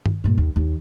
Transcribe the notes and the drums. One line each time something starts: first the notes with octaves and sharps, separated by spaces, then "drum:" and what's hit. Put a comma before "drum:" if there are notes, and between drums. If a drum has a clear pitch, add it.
drum: tom G2
G2 A#2
D#2
D#2